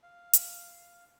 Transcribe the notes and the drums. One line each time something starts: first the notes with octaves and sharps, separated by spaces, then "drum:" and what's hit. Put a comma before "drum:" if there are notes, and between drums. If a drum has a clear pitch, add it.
F5
drum: hi-hat